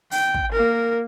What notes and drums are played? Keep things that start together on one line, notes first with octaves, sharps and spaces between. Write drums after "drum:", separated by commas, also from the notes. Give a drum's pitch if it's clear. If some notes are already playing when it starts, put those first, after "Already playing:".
G5, drum: open hi-hat
drum: kick
A#3 A#4